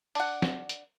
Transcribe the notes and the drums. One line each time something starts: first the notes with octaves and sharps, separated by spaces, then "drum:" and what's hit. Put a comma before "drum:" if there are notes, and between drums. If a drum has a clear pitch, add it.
D4 F#5, drum: open hi-hat
drum: snare
drum: hi-hat